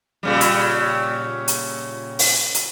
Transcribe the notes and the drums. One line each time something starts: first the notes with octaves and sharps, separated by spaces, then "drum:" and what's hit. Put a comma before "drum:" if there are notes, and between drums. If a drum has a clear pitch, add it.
A#2 C#3 G3
drum: hi-hat
drum: hi-hat
drum: open hi-hat
drum: hi-hat